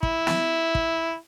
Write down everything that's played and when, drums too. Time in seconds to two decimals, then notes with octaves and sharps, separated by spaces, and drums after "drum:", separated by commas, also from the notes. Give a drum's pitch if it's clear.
0.03 E4, drum: kick
0.27 drum: snare
0.75 drum: kick